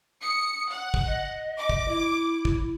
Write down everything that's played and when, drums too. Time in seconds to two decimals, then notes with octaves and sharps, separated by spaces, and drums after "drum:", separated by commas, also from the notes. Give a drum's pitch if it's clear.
0.23 D#6 C#7
0.72 F#5
0.94 drum: kick
1.07 D#5
1.57 D6
1.69 drum: kick
1.88 E4
2.45 drum: kick